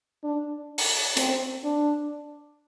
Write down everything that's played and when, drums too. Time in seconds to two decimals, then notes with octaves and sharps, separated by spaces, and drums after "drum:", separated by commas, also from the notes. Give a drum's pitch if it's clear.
0.23 D4
0.78 drum: open hi-hat
1.17 C4, drum: hi-hat
1.64 D4